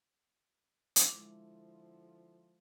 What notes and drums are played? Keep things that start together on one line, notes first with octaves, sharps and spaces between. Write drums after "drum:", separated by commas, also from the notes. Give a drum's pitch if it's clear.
drum: hi-hat
D3 F3 G#3 E4 A4 D6